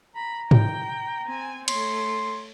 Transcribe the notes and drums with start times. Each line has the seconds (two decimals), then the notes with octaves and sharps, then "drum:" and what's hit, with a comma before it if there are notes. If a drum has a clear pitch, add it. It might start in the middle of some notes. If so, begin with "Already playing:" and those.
0.16 A#5 B5
0.51 G5, drum: tom G#2
1.26 C4 G#5
1.68 A3 C#5 C6, drum: cymbal